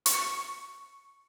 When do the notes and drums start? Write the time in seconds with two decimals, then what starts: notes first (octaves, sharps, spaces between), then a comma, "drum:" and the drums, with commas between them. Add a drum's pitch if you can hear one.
0.06 C#6, drum: hi-hat